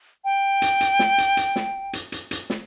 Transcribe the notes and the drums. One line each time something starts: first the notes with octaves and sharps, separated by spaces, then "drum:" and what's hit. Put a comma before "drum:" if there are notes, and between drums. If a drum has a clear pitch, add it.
G5
drum: hi-hat
drum: hi-hat
drum: snare
drum: hi-hat
drum: hi-hat
drum: snare
drum: hi-hat
drum: hi-hat
drum: hi-hat
drum: snare